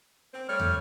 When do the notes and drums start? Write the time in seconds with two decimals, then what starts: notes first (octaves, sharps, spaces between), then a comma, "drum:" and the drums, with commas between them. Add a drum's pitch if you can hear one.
0.34 C4
0.49 G3 A3 C#5 F6
0.60 drum: tom